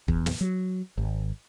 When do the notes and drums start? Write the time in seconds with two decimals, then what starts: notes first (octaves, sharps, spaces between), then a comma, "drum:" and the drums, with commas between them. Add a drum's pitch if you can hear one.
0.08 E2, drum: kick
0.26 drum: snare
0.41 F#3
0.98 G#1